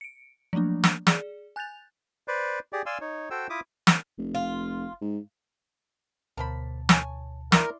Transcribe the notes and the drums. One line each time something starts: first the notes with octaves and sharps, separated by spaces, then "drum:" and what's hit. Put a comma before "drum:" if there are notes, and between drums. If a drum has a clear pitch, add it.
C#7 D7
F3 F#3 A3 A#3 D4
drum: snare
G#4 D5, drum: snare
G#5 F#6 G6 A6 F7
B4 C5 D5
G4 G#4 D5
D5 F5 G#5 C6 E6
D#4 C#5
F#4 A4 C5 G5 E6
E4 F4 E5 D6 D#6
drum: snare
F1
F4
G#2
D2 B2 A#4 C5 A5 B5
C#5 G#5, drum: snare
E4 A#4 D5 C6, drum: snare